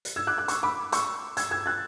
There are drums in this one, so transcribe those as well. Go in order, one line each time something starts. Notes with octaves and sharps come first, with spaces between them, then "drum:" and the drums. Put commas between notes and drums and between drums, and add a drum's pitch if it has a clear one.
drum: hi-hat
E6 G#6
D6 F#6
D6 F#6
C#6 E6, drum: hi-hat
B5 D6
C#6 E6, drum: hi-hat
E6 G#6, drum: hi-hat
E6 G#6
F#6 A6